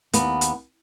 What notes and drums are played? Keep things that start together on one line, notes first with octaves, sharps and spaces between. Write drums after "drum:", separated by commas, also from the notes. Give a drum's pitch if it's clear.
D#2 B3, drum: hi-hat
drum: hi-hat